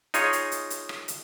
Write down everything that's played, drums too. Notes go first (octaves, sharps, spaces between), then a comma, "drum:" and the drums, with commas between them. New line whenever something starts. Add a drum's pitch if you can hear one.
D#4 F4 G#4 C#5, drum: hi-hat
drum: hi-hat
drum: hi-hat
drum: hi-hat
drum: rim click
drum: hi-hat